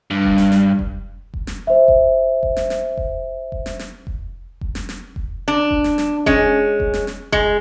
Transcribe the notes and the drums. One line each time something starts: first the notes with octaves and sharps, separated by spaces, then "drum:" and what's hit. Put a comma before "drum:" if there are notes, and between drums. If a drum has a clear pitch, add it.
G2
drum: kick F1
drum: snare
drum: snare
drum: kick F1
drum: kick F1
drum: snare
C5 E5
drum: kick F1
drum: kick F1
drum: snare
drum: snare
drum: kick F1
drum: kick F1
drum: snare
drum: snare
drum: kick F1
drum: kick F1
drum: snare
drum: snare
drum: kick F1
D4
drum: kick F1
drum: snare
drum: snare
G#3 C#4, drum: kick F1
drum: kick F1
drum: snare
drum: snare
G#3, drum: kick F1